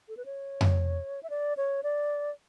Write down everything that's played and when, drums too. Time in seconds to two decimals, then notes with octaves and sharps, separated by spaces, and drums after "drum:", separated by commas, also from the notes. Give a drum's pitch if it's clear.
0.09 A4
0.17 B4
0.26 C#5
0.61 drum: tom F2
1.23 E5
1.30 D5
1.57 C#5
1.83 D5